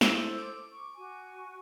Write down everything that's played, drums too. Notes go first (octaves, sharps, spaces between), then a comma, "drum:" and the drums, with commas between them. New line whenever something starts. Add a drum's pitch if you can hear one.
E4 A4 C5 E6, drum: snare
D6
C#6
F#4 G#5 C#6